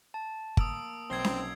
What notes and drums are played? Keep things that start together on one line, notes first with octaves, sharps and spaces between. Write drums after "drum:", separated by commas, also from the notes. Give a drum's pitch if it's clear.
A5
A#3 D#6 E6 D7, drum: kick G1
B1 C4 G#6 C7 G7
drum: snare C#4